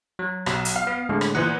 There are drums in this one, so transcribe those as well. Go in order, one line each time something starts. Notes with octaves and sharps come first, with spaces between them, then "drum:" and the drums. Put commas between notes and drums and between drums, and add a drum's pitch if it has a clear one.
F#3
B1, drum: rim click
drum: hi-hat
F5
B3
A2 D3 G#3
drum: rim click
A#2 E3 B3 C5 F#5